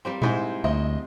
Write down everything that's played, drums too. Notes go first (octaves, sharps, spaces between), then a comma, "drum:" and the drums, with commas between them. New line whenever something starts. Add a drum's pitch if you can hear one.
G3 A#3 C4
G#2 G#3 E4 C5, drum: tom A#2
D2 C4 D#5